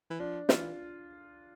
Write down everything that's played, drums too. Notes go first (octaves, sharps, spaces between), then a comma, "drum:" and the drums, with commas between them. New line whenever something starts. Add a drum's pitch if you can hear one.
E3
F3 D4
E3 F4, drum: snare